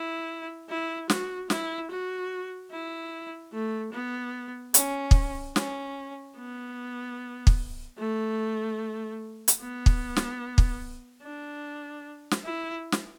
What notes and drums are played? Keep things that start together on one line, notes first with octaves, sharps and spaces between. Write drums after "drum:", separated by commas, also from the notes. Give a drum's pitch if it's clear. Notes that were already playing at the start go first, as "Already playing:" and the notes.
Already playing: E4
E4
F#4, drum: snare
E4, drum: snare
F#4
E4
A3
B3
C#4, drum: hi-hat
drum: kick
C#4, drum: snare
B3
drum: kick
A3
drum: hi-hat
B3
drum: kick
drum: snare
drum: kick
D4
drum: snare
E4
drum: snare